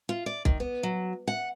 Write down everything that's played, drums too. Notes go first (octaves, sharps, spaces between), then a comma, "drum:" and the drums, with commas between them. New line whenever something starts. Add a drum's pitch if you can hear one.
F4
D5
D#3, drum: kick B1
B3
F#3
F#5